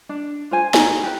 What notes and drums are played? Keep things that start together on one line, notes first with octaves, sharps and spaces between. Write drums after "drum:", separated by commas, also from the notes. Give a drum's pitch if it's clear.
D4
F4 C5 G#5
G#5 A#5, drum: snare
G4 B4